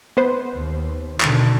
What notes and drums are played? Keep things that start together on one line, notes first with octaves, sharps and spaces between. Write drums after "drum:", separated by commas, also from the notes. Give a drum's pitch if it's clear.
B3 B4 C5
D#2
B2 D3 D#3, drum: clap